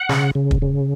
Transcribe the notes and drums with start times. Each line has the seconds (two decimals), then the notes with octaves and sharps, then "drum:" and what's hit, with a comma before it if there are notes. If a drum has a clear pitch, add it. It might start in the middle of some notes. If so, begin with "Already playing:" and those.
Already playing: F#5
0.09 C#3, drum: snare
0.35 C#3
0.51 drum: kick
0.62 C#3